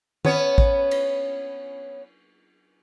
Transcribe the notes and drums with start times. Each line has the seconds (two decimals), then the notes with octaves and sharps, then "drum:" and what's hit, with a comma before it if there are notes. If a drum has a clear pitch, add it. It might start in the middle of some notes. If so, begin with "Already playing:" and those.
0.25 B3 C#4 C#5, drum: tom D#3
0.58 drum: kick A1
0.91 drum: cymbal